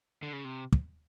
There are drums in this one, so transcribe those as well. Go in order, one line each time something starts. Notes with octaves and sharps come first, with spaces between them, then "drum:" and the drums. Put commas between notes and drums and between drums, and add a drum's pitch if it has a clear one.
D3
C#3
C3
drum: kick